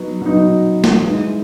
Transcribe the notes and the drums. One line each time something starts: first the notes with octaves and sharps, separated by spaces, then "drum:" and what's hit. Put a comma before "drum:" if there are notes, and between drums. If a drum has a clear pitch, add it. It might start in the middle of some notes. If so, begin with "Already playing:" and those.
Already playing: F#3 B3 D#4
F#3 B3 D#4
drum: snare
E3 G#3 D#4